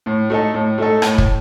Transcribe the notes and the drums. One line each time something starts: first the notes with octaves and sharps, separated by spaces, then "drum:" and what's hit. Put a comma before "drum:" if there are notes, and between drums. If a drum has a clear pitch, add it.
A2
A3 D#4 A4
A2
A3 D#4 A4
A2, drum: rim click
drum: kick